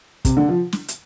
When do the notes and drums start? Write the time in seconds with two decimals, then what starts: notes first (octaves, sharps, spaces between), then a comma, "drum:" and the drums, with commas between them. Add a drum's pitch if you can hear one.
0.25 C3, drum: kick, hi-hat
0.37 D3
0.49 F3
0.73 drum: snare
0.88 drum: hi-hat